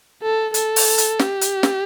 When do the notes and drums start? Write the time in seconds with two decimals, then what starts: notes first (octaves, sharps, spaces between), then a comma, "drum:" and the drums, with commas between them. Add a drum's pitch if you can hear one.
0.22 A4
0.54 A4, drum: hi-hat
0.76 drum: open hi-hat
0.98 drum: hi-hat
1.19 G4, drum: snare
1.41 drum: hi-hat
1.63 drum: snare